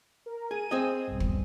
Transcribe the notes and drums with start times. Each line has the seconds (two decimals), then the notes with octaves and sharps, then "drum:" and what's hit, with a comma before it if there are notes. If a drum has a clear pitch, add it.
0.26 A#4
0.51 G#4 D#7
0.71 C4 G#4 D#5
1.07 B1 G2
1.20 drum: kick